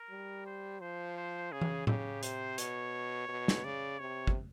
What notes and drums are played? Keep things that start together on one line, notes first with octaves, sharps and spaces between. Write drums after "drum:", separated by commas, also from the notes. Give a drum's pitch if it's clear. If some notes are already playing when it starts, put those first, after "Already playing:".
Already playing: A#4
G3
C5
F3 C5
C5
C#3 G#4
drum: tom E3
C#3 G4, drum: tom A2
C3 C5, drum: hi-hat
B2 C#5, drum: hi-hat
B2
drum: snare
C#3 D5
C3 C#5
drum: kick